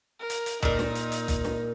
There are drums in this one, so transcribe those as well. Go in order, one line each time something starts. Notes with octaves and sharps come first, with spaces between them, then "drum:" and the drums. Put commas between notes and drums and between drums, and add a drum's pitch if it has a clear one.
A#4
drum: hi-hat
drum: hi-hat
A#2 D#4 A#4, drum: kick
drum: snare
drum: hi-hat
drum: hi-hat
drum: kick, hi-hat
drum: snare